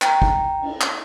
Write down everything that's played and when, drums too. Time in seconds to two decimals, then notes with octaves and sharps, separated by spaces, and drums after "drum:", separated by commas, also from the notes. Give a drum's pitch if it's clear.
0.02 G5 A#5, drum: clap
0.22 drum: kick
0.61 drum: cymbal
0.81 drum: clap